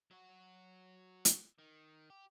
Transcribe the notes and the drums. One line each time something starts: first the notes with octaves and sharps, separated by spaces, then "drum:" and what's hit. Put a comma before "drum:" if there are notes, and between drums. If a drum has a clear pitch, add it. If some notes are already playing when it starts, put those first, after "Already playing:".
F#3 F#4
drum: hi-hat
D#3
G4